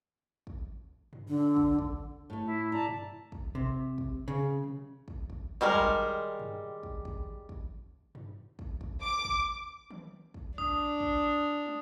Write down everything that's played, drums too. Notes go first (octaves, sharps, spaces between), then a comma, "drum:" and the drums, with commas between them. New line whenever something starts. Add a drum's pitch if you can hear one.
drum: kick
drum: tom G2
D3
drum: kick
drum: kick
A2 A3
E4
E4 D5 A5 A#5
drum: tom G2
drum: kick
C3, drum: kick
drum: kick
C#3
drum: tom B2
drum: kick
drum: kick
D#3 G3 G#3 A#4
drum: kick
drum: tom G2
drum: kick
drum: kick
drum: kick
drum: tom G2
drum: kick
drum: kick
D6
drum: kick
drum: tom D#3
drum: kick
D4 D#6, drum: kick
drum: kick
drum: tom